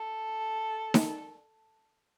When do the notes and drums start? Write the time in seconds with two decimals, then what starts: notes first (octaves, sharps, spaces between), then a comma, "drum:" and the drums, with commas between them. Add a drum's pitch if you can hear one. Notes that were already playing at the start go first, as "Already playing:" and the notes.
Already playing: A4
0.94 drum: snare D#4